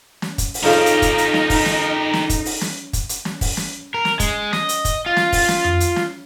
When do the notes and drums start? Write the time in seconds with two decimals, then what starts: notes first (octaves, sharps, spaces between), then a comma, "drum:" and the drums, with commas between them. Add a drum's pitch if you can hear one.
0.22 drum: snare
0.38 drum: kick, hi-hat
0.54 drum: open hi-hat
0.64 F2 C#3 F3 D#4 G4 A#4
0.86 drum: hi-hat
1.02 drum: kick, hi-hat
1.18 drum: hi-hat
1.34 drum: snare
1.50 drum: kick, open hi-hat
1.66 drum: snare
2.14 drum: snare
2.30 drum: kick, hi-hat
2.45 drum: open hi-hat
2.61 drum: snare
2.93 drum: kick, hi-hat
3.09 drum: hi-hat
3.25 drum: snare
3.41 drum: kick, open hi-hat
3.57 drum: snare
3.94 A#4
4.05 drum: snare
4.20 G#3, drum: kick, hi-hat
4.53 D#5, drum: snare
4.69 drum: hi-hat
4.85 drum: kick, hi-hat
5.06 F4
5.17 drum: snare
5.33 drum: kick, open hi-hat
5.48 drum: snare
5.64 drum: tom F2
5.80 drum: hi-hat
5.96 drum: snare